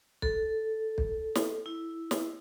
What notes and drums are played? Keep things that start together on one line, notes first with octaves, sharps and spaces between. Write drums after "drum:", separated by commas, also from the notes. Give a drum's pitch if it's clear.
A4, drum: kick
drum: kick
drum: snare
E4
drum: snare